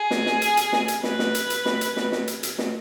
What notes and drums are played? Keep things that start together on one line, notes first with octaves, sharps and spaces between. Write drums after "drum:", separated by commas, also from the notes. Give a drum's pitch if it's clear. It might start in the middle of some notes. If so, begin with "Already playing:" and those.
Already playing: G#4
drum: snare
drum: snare
drum: hi-hat
drum: hi-hat
drum: snare
drum: hi-hat
B4, drum: snare
drum: snare
drum: hi-hat
drum: hi-hat
drum: snare
drum: hi-hat
drum: snare
drum: snare
drum: hi-hat
drum: hi-hat
drum: snare